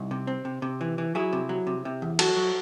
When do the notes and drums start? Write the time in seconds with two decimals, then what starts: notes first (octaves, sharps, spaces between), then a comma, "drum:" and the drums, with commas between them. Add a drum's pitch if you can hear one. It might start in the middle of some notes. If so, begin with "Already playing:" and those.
Already playing: C2 D#4
0.11 C3
0.27 C4
0.45 C3
0.62 C3
0.81 E3
0.98 E3
1.15 F#3 E4 G#4
1.33 C3
1.49 F#3
1.67 C3
1.85 C3
2.02 E2
2.19 F#3 F#4 A4, drum: cymbal
2.36 F#3